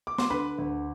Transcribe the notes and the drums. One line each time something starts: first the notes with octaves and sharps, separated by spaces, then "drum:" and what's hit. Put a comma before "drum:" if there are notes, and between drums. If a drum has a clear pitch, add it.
D6
C6, drum: snare
D3 B4 B5
D2